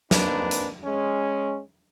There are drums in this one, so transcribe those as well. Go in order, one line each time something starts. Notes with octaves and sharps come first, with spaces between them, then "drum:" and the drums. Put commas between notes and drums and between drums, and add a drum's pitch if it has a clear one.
A#3 C4 D4 D#4 B4, drum: snare
drum: hi-hat
G#3 C#4